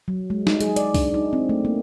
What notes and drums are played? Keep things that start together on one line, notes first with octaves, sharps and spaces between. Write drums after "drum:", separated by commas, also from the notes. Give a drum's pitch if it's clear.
F#3
G#3
D#4, drum: snare
G#4, drum: hi-hat
D5, drum: hi-hat
D4, drum: kick C2, open hi-hat
D#4
C4
A3
A#3